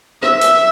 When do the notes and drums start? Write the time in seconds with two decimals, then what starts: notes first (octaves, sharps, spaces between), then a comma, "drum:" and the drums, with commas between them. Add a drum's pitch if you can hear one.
0.23 E5, drum: rim click
0.41 drum: hi-hat